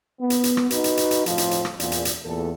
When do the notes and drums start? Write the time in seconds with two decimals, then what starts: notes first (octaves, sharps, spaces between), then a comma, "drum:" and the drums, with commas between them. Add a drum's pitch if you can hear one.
0.20 B3
0.30 drum: hi-hat
0.44 drum: hi-hat
0.57 drum: rim click
0.70 D#4 F#4 B4, drum: hi-hat
0.84 drum: hi-hat
0.97 drum: hi-hat
1.11 drum: hi-hat
1.26 F2 A2 F3 F4 A4 C5, drum: hi-hat
1.38 drum: hi-hat
1.51 drum: hi-hat
1.65 drum: rim click
1.80 E2 A#2 D4, drum: hi-hat
1.92 drum: hi-hat
2.05 drum: hi-hat
2.25 E2 A#2 A4